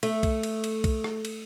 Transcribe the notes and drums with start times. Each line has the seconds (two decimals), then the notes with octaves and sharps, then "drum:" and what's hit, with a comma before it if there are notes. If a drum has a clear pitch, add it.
0.03 A3, drum: cymbal
0.23 drum: kick B1, cymbal
0.43 drum: cymbal
0.64 drum: cymbal
0.84 drum: kick B1, cymbal
1.04 drum: rim click
1.25 drum: cymbal